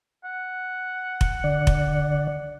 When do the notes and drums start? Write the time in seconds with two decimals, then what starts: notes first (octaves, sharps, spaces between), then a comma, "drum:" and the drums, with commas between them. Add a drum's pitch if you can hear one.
0.24 F#5
1.21 drum: kick F1
1.44 D3 D5
1.67 drum: kick F1